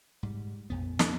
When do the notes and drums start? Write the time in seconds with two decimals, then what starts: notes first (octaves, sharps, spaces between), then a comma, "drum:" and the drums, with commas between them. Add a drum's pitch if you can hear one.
0.23 G#2 G3
0.70 A#1 F2 B3
0.99 drum: snare